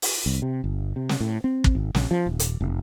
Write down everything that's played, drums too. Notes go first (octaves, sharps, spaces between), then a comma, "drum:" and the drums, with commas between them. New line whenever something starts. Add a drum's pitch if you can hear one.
drum: open hi-hat
C2
C3
G1
C3
drum: snare
A2
C4
drum: kick
G#1
A#1, drum: snare
F3
D#1
drum: hi-hat
F1